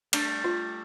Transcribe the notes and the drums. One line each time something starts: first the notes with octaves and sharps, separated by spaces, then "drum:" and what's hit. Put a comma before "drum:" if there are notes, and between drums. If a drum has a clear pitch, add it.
G3 A3 D4, drum: cymbal
F4